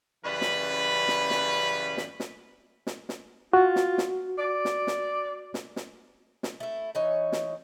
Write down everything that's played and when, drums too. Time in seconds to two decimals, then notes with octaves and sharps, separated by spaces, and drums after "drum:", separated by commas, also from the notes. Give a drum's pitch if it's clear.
0.24 F#2 C#3 E3 G3 B4
0.41 drum: snare
1.08 drum: snare
1.31 drum: snare
1.97 drum: snare
2.20 drum: snare
2.87 drum: snare
3.09 drum: snare
3.53 F4 F#4
3.76 drum: snare
3.98 drum: snare
4.38 D5
4.65 drum: snare
4.87 drum: snare
5.54 drum: snare
5.76 drum: snare
6.43 drum: snare
6.60 A3 E4
6.95 E3 D#4 C#5
7.32 drum: snare